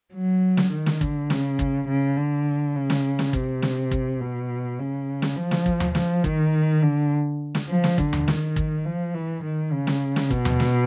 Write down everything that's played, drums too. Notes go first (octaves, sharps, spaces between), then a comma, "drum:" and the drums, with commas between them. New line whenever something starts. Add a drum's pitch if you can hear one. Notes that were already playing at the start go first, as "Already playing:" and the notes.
F#3
drum: snare
D#3
drum: snare
D3, drum: kick
C#3, drum: snare
drum: kick
C#3
D3
C#3
drum: snare
drum: snare
C3, drum: kick
drum: snare
drum: kick
B2
C#3
drum: snare
F3
drum: snare
drum: kick
drum: tom D#2
F3, drum: snare
D#3, drum: kick
D3
drum: snare
F3
drum: snare
D3, drum: kick
drum: tom D#2
D#3, drum: snare
drum: kick
F3
E3
D#3
C#3
drum: snare
drum: snare
B2, drum: kick
drum: tom D#2
drum: snare